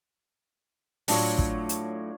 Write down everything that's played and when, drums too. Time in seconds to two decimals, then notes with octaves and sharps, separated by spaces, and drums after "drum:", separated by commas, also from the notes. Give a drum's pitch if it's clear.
1.08 A2 F#3 D4 F4 C#5, drum: open hi-hat
1.39 drum: kick
1.69 drum: hi-hat